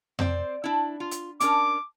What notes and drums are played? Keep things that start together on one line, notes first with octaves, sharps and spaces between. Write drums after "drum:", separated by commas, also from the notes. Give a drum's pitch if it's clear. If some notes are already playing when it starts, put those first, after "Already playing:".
C4 C5 D5, drum: tom F2
D4 E4
F4
drum: hi-hat
C#4 D4 A#4 D6, drum: hi-hat